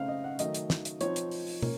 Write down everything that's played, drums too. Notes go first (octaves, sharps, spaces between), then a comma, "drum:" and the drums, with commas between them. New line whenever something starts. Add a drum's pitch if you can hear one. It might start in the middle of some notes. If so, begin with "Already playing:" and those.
Already playing: C#3 A3 C4 D#4 F5
D#5
F#5
D#3 F#3 A3 D#5, drum: hi-hat
drum: hi-hat
drum: snare
drum: hi-hat
F3 C4 D#4 C#5, drum: hi-hat
drum: hi-hat
drum: open hi-hat
drum: open hi-hat
A#3 C#4, drum: tom